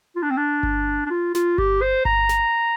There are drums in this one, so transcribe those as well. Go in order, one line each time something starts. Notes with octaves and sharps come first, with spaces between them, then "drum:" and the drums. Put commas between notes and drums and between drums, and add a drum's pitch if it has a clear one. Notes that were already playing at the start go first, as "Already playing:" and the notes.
F4
D4
C4
D4
drum: kick G1
D4
F4
F4, drum: snare
G4, drum: kick G1
C5
A#5, drum: kick G1
drum: snare